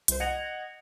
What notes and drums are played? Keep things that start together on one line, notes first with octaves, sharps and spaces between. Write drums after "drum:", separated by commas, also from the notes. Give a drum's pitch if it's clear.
C2 C5, drum: hi-hat
D#5 F#5 G#6 A#6 C#7 F7